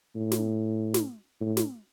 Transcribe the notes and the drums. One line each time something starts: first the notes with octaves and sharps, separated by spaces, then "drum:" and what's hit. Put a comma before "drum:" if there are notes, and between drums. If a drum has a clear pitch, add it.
A2
drum: snare
drum: snare
A2
drum: snare